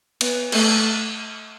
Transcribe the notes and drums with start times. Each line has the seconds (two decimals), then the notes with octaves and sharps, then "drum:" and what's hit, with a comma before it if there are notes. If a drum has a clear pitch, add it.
0.21 B3, drum: cymbal
0.52 A3, drum: cymbal